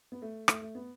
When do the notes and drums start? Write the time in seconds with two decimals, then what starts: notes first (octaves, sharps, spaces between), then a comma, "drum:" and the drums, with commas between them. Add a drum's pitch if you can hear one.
0.12 B3
0.22 A3
0.48 A3, drum: rim click
0.62 A3
0.75 B3